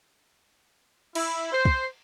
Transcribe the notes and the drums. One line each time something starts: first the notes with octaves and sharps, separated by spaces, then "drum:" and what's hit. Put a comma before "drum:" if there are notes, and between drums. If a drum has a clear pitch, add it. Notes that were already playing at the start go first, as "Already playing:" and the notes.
E4, drum: cymbal
C5
drum: kick